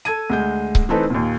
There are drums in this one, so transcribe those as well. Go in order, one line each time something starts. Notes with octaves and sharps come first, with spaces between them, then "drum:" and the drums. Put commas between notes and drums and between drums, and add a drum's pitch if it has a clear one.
A4 G#6 D#7
D2 G#3 G6
drum: kick C#1
E3 A3 C4 D#4 A4 B4
D#2 A#2